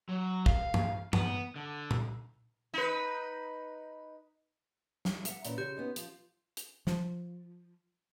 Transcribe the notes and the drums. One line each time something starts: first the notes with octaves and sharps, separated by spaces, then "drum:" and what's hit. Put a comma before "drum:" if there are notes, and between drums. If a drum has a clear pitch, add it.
F#3
F5, drum: kick
drum: tom
B3, drum: tom
D3
drum: tom A#2
D#4 B4
drum: snare
E5 F#5, drum: hi-hat
A#2 E3 C#4, drum: hi-hat
C#3 G4 G6
B3 C#4 D#4
F3, drum: hi-hat
drum: hi-hat
F3, drum: snare